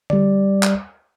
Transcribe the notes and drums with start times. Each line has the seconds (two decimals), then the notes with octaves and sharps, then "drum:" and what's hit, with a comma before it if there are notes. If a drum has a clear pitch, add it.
0.10 G3 D5, drum: tom D3
0.63 drum: clap